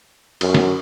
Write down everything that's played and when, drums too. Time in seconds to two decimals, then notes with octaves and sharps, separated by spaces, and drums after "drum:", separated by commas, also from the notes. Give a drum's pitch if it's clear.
0.41 F#2, drum: cymbal
0.55 drum: snare